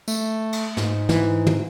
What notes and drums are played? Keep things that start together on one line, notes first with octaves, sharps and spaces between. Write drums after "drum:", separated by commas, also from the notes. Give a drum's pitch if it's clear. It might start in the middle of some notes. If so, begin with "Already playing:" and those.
A3, drum: tambourine
drum: cymbal
G#2, drum: snare
E3, drum: snare
drum: tom